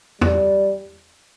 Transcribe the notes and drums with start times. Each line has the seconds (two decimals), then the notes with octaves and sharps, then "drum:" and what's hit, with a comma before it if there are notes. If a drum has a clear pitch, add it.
0.21 G3, drum: tom